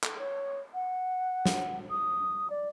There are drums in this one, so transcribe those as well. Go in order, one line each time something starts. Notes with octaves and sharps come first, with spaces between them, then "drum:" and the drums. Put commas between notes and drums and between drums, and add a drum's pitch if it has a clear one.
A4, drum: clap
C#5
F#5
drum: snare
D#6
D5